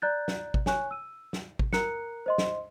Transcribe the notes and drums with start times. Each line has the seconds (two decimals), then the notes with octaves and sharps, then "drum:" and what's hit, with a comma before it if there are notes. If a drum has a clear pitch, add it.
0.02 D5 A#5 F#6 G6 A6
0.28 drum: snare
0.54 drum: kick G#1
0.66 C#5 G#5 C#6 F#6, drum: snare
0.91 E6 D#7
1.33 drum: snare
1.59 drum: kick G#1
1.73 A#4 A#5 F#6 C#7, drum: snare
2.26 C5 D#5 C6
2.38 drum: snare